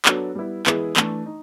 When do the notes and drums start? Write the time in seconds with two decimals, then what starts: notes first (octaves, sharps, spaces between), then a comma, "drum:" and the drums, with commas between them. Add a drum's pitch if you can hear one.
0.05 F#3 B3 D4 F#4 A4, drum: clap
0.35 G3 B3 E4
0.66 E3 G#3 B3 E4 G#4, drum: clap
0.96 E3 A3 D4, drum: clap
1.26 D#4